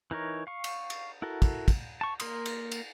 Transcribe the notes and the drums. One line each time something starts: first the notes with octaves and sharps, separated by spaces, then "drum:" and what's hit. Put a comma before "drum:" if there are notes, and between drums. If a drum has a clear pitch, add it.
E3 D#4 A#4 C#5
F5 C#6
drum: cymbal
drum: cymbal
E4 F#4 A4 A#4
drum: kick, cymbal
drum: kick, cymbal
A5 C#6
A#3 A#4 C6 D#6, drum: cymbal
drum: cymbal
drum: cymbal